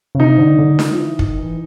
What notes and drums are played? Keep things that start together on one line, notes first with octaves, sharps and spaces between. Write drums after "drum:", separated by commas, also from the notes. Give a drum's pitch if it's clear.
C#3
C3 D#4
D3
D3
D#3, drum: snare D4
F3
E3
D#3, drum: kick
E3